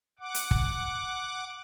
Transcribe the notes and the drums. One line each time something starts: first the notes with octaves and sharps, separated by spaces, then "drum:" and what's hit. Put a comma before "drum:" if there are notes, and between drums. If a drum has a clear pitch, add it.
F#5 D6
drum: hi-hat
drum: kick